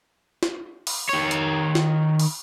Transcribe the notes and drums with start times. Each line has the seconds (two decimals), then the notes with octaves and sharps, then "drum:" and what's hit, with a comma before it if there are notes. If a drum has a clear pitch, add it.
0.43 drum: snare
0.87 drum: open hi-hat
1.09 D#3 C#5
1.31 drum: hi-hat
1.75 drum: snare
2.19 drum: open hi-hat